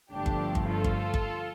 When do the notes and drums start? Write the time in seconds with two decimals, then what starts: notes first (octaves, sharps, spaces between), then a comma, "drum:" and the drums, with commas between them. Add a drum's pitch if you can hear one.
0.11 G1 G2 F3 A3 D4 G4
0.26 drum: kick G1
0.55 drum: kick G1
0.69 F4 A4
0.84 drum: kick G1
1.14 drum: kick G1